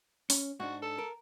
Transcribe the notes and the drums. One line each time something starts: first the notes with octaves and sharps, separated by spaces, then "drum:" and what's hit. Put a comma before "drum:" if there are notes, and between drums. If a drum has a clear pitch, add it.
C#4, drum: open hi-hat
G#2 D4 F#4
A4
A#4